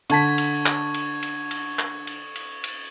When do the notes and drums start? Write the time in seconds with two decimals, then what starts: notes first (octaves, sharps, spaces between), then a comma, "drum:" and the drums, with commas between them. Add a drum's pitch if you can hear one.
0.10 D3 A5 C#6 G#6 B6, drum: cymbal
0.38 drum: cymbal
0.66 drum: clap
0.94 drum: cymbal
1.22 drum: cymbal
1.51 drum: cymbal
1.79 drum: clap
2.07 drum: cymbal
2.35 drum: cymbal
2.64 drum: cymbal